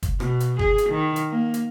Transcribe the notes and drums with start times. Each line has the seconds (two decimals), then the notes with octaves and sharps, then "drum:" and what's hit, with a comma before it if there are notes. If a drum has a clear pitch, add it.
0.03 drum: kick, hi-hat
0.20 B2, drum: rim click
0.40 drum: hi-hat
0.59 G#4, drum: kick
0.78 drum: hi-hat
0.90 D#3
1.16 drum: hi-hat
1.30 A#3
1.54 drum: hi-hat